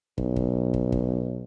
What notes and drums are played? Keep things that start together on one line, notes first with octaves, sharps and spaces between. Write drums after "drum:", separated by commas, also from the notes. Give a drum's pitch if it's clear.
B1, drum: kick
drum: kick
drum: kick
drum: kick